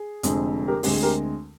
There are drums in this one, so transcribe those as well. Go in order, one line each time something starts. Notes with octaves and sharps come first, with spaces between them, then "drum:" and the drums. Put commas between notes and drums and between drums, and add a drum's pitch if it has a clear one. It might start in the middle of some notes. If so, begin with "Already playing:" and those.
Already playing: G#4
F1 F2 D3 G#3 C4, drum: hi-hat
G4 A#4
D2 D3 G#3 C4 G4, drum: open hi-hat
G#4
G4 A#4